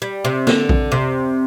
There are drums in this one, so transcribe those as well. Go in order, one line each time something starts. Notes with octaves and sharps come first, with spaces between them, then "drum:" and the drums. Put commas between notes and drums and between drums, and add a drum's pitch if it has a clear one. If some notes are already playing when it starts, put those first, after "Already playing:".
G3
C3
D3, drum: snare A#3
drum: kick A#1
C3